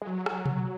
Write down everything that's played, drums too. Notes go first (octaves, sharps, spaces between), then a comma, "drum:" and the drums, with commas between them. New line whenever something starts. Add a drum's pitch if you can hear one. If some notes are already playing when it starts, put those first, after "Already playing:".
G#3
F#3
drum: rim click
drum: tom B2